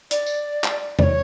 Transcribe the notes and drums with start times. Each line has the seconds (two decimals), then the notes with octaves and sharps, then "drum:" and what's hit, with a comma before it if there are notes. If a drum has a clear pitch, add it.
0.11 D5, drum: hi-hat
0.26 drum: tambourine
0.64 drum: clap
0.99 D5, drum: tom E2
1.03 C#5